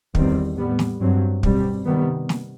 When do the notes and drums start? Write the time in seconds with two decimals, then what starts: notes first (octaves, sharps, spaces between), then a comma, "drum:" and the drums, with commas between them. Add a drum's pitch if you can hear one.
0.15 E2 D#3 G3 C4, drum: kick
0.57 A2 G3 B3
0.79 drum: snare
1.00 G2 F#3 C4
1.43 B2 G3 C4, drum: kick
1.86 C3 D#3 G3 B3
2.29 drum: snare